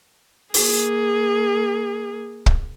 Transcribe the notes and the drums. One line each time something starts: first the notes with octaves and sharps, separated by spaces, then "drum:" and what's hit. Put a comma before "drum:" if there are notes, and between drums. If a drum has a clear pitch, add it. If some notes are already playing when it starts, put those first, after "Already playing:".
A#3 G#4, drum: open hi-hat
drum: kick